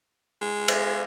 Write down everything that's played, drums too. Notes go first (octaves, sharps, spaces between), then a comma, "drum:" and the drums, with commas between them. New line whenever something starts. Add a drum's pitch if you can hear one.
G#3
drum: cymbal